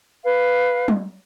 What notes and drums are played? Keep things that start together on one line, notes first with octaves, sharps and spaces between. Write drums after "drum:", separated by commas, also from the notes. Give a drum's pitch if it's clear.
B4 F5
drum: tom F#3